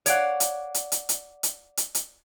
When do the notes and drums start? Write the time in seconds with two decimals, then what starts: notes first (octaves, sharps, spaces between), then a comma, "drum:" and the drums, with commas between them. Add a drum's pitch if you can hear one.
0.06 C#5 D5 F5 F#5, drum: hi-hat
0.40 drum: hi-hat
0.74 drum: hi-hat
0.92 drum: hi-hat
1.09 drum: hi-hat
1.43 drum: hi-hat
1.77 drum: hi-hat
1.95 drum: hi-hat